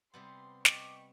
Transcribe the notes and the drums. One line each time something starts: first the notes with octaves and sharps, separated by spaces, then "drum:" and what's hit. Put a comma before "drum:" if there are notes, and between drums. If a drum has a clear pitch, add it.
C3 G3 B3 C6
D#5 G5 C#6 D6 B6, drum: snare